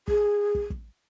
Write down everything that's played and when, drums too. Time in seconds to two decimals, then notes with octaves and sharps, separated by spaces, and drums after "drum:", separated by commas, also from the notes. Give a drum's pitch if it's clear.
0.08 G#4, drum: kick
0.55 drum: kick
0.70 drum: kick